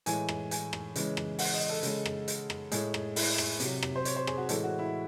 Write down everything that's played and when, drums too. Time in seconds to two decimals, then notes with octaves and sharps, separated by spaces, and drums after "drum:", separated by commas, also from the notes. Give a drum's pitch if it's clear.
0.06 A2 E3 G#3 G#5, drum: hi-hat
0.29 drum: rim click
0.51 G#5, drum: hi-hat
0.73 drum: rim click
0.96 C#3 E3 G#3, drum: hi-hat
1.17 drum: rim click
1.39 F#5, drum: open hi-hat
1.54 D#5
1.69 A4
1.83 C#3 G#3, drum: hi-hat
2.06 drum: rim click
2.28 drum: hi-hat
2.50 drum: rim click
2.72 A2 G#3 G#4, drum: hi-hat
2.94 drum: rim click
3.16 E4, drum: open hi-hat
3.38 drum: rim click
3.60 C3 F#3, drum: hi-hat
3.83 drum: rim click
3.96 C5
4.05 C#5, drum: hi-hat
4.16 C5
4.27 G#4, drum: rim click
4.37 F#4
4.49 A2 E3 G#3 A4, drum: hi-hat
4.64 F#4
4.79 E4